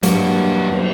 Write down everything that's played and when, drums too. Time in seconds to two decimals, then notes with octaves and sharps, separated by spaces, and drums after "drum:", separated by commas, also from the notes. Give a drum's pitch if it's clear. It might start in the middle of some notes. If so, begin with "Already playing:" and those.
0.03 E2 G2 F#3 A#3 F#4, drum: hi-hat
0.72 drum: cymbal